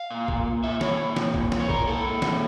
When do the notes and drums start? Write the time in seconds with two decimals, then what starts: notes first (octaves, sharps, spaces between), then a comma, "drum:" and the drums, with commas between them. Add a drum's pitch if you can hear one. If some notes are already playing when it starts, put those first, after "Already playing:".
Already playing: F5
0.11 A#2
0.28 A#2, drum: kick B1
0.46 A#2
0.63 A#2 E5
0.81 A#2 C#5, drum: snare
0.99 A#2
1.16 A#2, drum: snare
1.34 A#2, drum: kick B1
1.52 A#2, drum: snare
1.60 C#5
1.69 A#2 A#4, drum: kick B1
1.86 A#2 A4
2.04 A#2
2.22 A#2, drum: snare